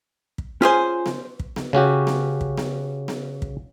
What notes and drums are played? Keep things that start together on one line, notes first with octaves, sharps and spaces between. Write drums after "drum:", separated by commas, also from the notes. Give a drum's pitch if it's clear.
drum: kick
C#4 F4 G#4 C5 G#5
drum: snare B3
drum: kick
drum: snare B3
C#3 C#4 F#4 G4
drum: snare B3
drum: kick
drum: snare B3
drum: snare B3
drum: kick